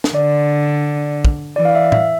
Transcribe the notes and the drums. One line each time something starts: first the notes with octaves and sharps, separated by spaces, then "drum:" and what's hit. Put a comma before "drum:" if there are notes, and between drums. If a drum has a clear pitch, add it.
drum: snare
D3 D5
drum: kick
E3 D5
F5
E5
E5, drum: tom